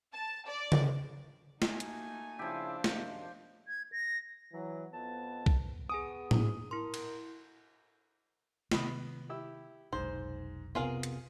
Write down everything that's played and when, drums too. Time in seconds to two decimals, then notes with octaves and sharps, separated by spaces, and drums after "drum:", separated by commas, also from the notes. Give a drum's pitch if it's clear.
0.13 A5
0.47 D5
0.72 drum: tom C#3
1.62 A3 A#3 D#4 F#4 G#5, drum: snare
1.80 drum: hi-hat
2.39 C#3 F3 D4 E4 G4 E6
2.84 F#2 C3 D#3, drum: snare
3.68 G#6
3.92 A#6
4.53 E3 F#3
4.93 F2 B3 A5
5.46 drum: kick C2
5.89 B3 G#4 G#5 D#6 D7
6.31 drum: tom A2
6.71 E4 A#4 C6
6.94 drum: cymbal
8.71 C3 D#3 G#3 B3 B5 D#6, drum: snare
9.29 E4 G4 E6
9.93 F1 B1 G#2 C5
10.75 C3 B3 F4 G#4 A#4 F5
11.03 drum: hi-hat